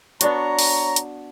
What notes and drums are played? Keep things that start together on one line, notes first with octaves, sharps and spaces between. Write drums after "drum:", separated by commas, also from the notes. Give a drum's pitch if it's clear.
B3 D4 F#4 C#5 A#5, drum: hi-hat
drum: open hi-hat
drum: hi-hat